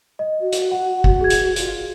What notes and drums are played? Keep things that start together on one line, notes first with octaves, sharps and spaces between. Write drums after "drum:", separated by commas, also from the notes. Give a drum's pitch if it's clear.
D#5
F#4
drum: hi-hat
F#5
drum: kick
G#4 G#6
drum: hi-hat
F4, drum: hi-hat